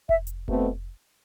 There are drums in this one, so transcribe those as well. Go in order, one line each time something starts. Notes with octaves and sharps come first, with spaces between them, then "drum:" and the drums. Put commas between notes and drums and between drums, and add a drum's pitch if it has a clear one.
E5, drum: kick F1
drum: hi-hat
B2 A3 C4, drum: kick F1